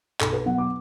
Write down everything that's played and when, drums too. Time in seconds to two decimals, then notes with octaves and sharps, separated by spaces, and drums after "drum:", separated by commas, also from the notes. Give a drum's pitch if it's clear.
0.21 B1 A4, drum: clap
0.33 B4
0.46 B2 F#3 B3 F#5
0.58 D6